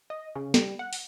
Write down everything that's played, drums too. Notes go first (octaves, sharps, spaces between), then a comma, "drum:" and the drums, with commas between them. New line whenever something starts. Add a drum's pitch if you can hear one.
D#5
C#3
G3, drum: snare
F#5
drum: open hi-hat